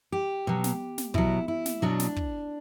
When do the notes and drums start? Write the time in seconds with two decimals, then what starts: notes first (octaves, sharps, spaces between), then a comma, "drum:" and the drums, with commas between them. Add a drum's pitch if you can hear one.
0.12 G4
0.47 B2 F#3
0.64 drum: snare
0.98 drum: snare
1.14 B2 F#3 E4, drum: kick
1.48 E4
1.66 drum: snare
1.82 B2 F#3 D4
2.00 drum: snare
2.16 drum: kick